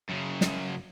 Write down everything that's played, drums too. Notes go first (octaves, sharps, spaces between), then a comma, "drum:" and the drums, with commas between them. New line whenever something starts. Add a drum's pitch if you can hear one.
F#2 C#3
drum: snare